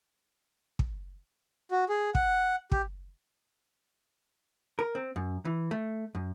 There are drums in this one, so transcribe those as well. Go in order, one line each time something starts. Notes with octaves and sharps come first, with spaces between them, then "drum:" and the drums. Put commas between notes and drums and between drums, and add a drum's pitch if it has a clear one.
drum: kick
F#4
G#4
F#5, drum: kick
G4, drum: kick
A#4
C4
F#2
E3
A3
F#2